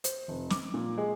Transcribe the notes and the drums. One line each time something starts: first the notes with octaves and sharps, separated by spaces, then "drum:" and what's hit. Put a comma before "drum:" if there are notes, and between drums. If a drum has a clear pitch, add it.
C5, drum: hi-hat
F1
D6, drum: snare
A#2
G#3